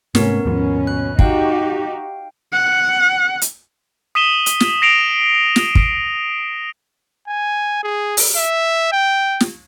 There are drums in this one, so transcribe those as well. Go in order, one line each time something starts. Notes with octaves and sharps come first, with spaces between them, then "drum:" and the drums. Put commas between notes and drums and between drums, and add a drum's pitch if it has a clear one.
G#2 C3 A3 B3 C#4 A#4, drum: snare
D#2 G#2 B2 F3 C#4
F#6
D#4 F#4 G4 F5 G5, drum: kick
F#5
drum: hi-hat
D#6 B6 D#7 E7 G7
drum: hi-hat
drum: snare
A#6 C7 D7 F7
drum: snare
drum: kick
G#5
G#4
drum: open hi-hat
E5
G5
drum: snare